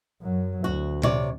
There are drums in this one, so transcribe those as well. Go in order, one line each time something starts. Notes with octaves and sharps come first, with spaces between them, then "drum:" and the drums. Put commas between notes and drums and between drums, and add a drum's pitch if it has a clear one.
F#2 F#3
D2 F#4
C3 C#5 D5, drum: tom A#2